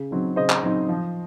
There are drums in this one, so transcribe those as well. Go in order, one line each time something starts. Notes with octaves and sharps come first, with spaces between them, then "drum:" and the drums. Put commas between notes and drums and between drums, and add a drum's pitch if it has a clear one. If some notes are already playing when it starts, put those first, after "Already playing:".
Already playing: C#3
F#3 C4 D#4
C#3 C5 D#5
drum: clap
F#3 C4 D#4
F3